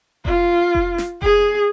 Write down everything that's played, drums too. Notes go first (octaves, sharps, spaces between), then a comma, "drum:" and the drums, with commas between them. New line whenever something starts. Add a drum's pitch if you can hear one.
F4, drum: kick F1
drum: kick F1
drum: snare
G#4, drum: kick F1